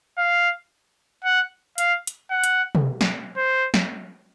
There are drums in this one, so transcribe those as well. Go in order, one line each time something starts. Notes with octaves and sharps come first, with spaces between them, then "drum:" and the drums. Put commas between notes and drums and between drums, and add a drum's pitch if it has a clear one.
F5
F#5
F5, drum: hi-hat
drum: hi-hat
F#5
drum: hi-hat
drum: tom
drum: snare
C5
drum: snare